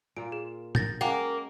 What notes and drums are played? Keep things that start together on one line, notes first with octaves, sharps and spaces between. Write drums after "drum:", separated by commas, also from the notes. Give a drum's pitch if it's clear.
A#2 A#3 F4 D7
G#4
A#4 G6 A6 A#6, drum: tom A2
G#3 A#3 C#4 F#4 F#5 G5 D6